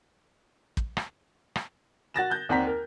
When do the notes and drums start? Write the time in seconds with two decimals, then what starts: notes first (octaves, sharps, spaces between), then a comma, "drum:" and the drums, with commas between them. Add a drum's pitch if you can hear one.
0.77 drum: kick
0.97 drum: rim click
1.56 drum: rim click
2.14 F#4 A6 A#6 E7
2.30 F#6 G6
2.49 D#2 C4 D5 F#5 A#5 B6
2.67 A#4